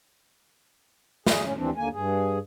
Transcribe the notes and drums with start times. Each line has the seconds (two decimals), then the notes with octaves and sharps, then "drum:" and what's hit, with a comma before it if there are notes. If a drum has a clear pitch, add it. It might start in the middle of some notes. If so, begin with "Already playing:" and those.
1.27 G#4, drum: snare
1.43 A2 C#4
1.57 D#2 E3 C4 D4
1.77 D#2 D3 A#3 G#5
1.93 G2 G#4